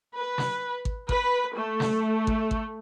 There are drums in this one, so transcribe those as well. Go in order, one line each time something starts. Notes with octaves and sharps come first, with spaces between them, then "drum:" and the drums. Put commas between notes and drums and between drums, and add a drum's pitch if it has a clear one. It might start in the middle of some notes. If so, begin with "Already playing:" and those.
B4
drum: snare
drum: kick G#1
B4, drum: kick G#1
A3
drum: snare
drum: kick G#1
drum: kick G#1